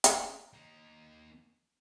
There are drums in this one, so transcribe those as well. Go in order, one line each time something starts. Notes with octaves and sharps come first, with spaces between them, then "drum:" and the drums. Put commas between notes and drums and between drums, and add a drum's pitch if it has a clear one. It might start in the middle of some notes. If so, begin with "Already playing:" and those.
drum: hi-hat
A#3 D#4